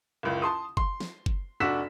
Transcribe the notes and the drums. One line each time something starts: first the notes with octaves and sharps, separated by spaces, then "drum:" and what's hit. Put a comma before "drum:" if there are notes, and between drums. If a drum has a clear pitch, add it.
F#1 C#2
A5 C6 D#6
C6, drum: kick F#1
drum: snare
drum: kick F#1
F1 D4 F#4 E6 B6 E7